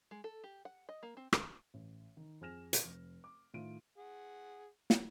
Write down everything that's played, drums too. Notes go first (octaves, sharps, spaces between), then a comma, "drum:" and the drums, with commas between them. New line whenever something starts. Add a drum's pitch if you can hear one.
G#3
A4
G4
F#5
D#5
A#3
C4
A4, drum: rim click
A1
D#3
F2 G#4 G#5 F6 A#6 E7
drum: hi-hat
F1
D6
A2 D#3 F4 D7 D#7
G#4 F#5
drum: snare